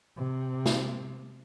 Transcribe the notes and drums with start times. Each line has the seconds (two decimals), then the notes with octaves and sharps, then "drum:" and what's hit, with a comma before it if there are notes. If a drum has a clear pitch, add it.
0.18 C3
0.66 drum: snare